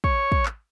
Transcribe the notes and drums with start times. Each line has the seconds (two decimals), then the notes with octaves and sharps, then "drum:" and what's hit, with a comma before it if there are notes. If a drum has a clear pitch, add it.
0.04 C#5, drum: kick
0.32 drum: kick
0.46 drum: clap